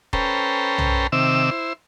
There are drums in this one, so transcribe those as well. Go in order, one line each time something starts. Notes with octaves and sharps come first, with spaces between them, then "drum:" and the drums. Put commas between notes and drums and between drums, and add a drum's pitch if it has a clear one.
C#4 A4 B4 C5 G5 A#5, drum: kick D#1
drum: tom B1
C3 D#3 C4 E5 D6 E6
E4 C5